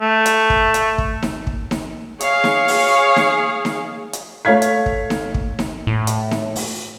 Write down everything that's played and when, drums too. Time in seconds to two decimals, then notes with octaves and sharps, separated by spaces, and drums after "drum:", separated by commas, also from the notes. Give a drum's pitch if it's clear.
0.01 A3
0.26 drum: hi-hat
0.50 drum: kick
0.74 drum: hi-hat
0.98 drum: kick
1.23 drum: snare D#4
1.47 drum: kick
1.71 drum: snare D#4
2.20 G#4 C#5 F5, drum: hi-hat
2.44 drum: snare D#4
2.68 drum: open hi-hat
3.16 drum: snare D#4
3.65 drum: snare D#4
4.13 drum: hi-hat
4.45 A3 C#5 F5 G#6 B6
4.62 drum: hi-hat
4.86 drum: kick
5.10 drum: snare D#4
5.34 drum: kick
5.59 drum: snare D#4
5.87 A2
6.07 drum: hi-hat
6.31 drum: snare D#4
6.56 drum: open hi-hat